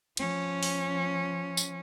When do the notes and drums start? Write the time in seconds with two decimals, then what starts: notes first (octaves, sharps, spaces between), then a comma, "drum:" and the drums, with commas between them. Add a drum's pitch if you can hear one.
0.17 F3 C#4, drum: cymbal
0.63 drum: open hi-hat
1.57 drum: tambourine